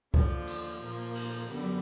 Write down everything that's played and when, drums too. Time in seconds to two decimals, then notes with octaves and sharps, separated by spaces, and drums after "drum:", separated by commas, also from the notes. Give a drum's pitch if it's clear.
0.14 D#2 D3 F3, drum: kick
0.47 drum: cymbal
0.81 A#2 F3 A#3
1.15 drum: cymbal
1.49 F#2 D3 G3 B3